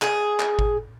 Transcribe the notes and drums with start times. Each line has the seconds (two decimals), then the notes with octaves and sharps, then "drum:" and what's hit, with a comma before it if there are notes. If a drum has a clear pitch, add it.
0.02 G#4, drum: clap
0.40 drum: clap
0.59 drum: kick G#1